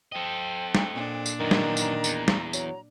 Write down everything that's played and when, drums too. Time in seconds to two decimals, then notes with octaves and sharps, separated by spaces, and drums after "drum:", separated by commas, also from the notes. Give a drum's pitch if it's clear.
0.12 A4 C5 D#5 G5
0.75 drum: snare
0.92 A#2 D4
1.26 drum: tambourine
1.40 F#2 D#3 E3 A#5
1.51 drum: snare
1.77 drum: tambourine
2.04 E2, drum: tambourine
2.28 drum: snare
2.53 F#3, drum: tambourine